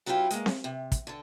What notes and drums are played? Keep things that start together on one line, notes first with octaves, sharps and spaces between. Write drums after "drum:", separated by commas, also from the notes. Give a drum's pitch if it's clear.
F#3 B3 C#4 E4 F4 G4
G#3 A#3, drum: hi-hat
drum: snare C4
C3
drum: kick, hi-hat
D3 A4